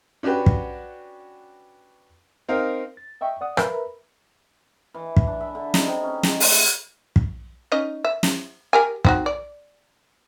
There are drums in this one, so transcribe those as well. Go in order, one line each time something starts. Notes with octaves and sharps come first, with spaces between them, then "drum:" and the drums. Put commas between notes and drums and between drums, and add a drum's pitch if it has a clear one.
C#4 D4 F#4 G4 B4
drum: kick
C4 D#4 A#4 F5
A6
D#5 E5 G5 C#6
D5 F#5 D#6
A#4 B4 E5 A#5 B5, drum: rim click
E3
drum: kick
D4
E5
D3
D#4, drum: snare
C3
C#4
G#3, drum: snare
A3, drum: open hi-hat
drum: kick
C#4 D#4 D#5
E5
drum: snare
G4 A#4 G#5
C4 D#4 F#4, drum: kick
D5